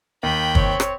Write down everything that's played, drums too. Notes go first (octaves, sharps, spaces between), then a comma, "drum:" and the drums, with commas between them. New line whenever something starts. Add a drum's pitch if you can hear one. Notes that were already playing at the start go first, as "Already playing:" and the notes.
D#2 G5 B5
C4 C#5, drum: kick
drum: rim click